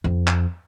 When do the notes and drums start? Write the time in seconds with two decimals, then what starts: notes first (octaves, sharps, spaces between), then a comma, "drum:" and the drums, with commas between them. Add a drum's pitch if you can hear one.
0.04 F2
0.27 drum: clap